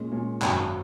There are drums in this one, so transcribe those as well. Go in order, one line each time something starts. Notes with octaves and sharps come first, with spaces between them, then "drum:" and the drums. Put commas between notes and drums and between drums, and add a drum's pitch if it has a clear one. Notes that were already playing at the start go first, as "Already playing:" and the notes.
Already playing: A#2 G#3 C#4
A#2 G#3 C#4
G#1 F#2 D#3 F#3, drum: clap